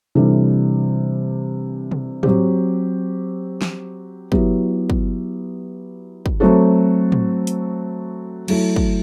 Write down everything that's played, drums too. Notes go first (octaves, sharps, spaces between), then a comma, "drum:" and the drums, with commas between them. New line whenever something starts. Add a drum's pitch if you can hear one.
C3 E3 G3 D4 A4
drum: tom
F#3 C4 G4, drum: tom
drum: snare
F#3 B3 E4 G4, drum: kick
drum: kick
drum: kick
F#3 A3 C4 F#4 A4
drum: tom
drum: hi-hat
F#3 A3 E4 A4, drum: cymbal
drum: kick